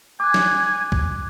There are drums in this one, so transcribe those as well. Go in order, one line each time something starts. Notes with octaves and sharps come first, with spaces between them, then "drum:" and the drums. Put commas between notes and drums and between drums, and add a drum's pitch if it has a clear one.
G#5 D6 F#6
drum: snare
drum: kick C2